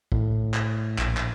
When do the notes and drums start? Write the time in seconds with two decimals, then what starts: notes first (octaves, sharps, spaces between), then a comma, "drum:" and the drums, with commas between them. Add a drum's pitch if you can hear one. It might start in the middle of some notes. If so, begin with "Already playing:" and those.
0.12 A2, drum: kick
0.54 drum: clap
0.98 A#1, drum: clap
1.17 drum: clap